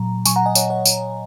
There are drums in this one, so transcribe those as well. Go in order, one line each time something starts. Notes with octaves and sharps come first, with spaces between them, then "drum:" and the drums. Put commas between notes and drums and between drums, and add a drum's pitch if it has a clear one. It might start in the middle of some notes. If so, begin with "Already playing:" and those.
Already playing: A#2 F#3 A#5
A#2 F#3 G#5 C#6, drum: tambourine
F#5 A#5
D#5 G#5
C#5 F#5, drum: tambourine
C#5 F#5
drum: tambourine